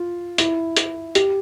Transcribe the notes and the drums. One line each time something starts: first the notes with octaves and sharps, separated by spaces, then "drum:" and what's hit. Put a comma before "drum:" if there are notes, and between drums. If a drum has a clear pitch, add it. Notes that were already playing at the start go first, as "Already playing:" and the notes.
Already playing: F4
E4, drum: hi-hat
drum: hi-hat
G4, drum: hi-hat